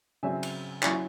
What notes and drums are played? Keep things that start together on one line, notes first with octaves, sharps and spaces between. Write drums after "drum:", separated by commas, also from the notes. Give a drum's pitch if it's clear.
C#3 F#3 C4 E5 G#5
drum: cymbal
F#3 C#4 E4 E5 G#5, drum: clap